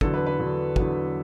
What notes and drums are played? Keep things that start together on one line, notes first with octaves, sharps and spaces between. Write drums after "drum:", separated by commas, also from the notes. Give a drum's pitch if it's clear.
E2 D3 F#3 A4, drum: kick
B4
B4
E2 D3 F#3
E2 D3 F#3, drum: kick